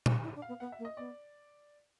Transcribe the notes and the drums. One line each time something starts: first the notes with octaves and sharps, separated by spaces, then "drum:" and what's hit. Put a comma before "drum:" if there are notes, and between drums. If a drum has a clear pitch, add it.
drum: tom A#2
E4
D4
F5
B3
B3 F#5
E5
A#3
D#5
B3 D5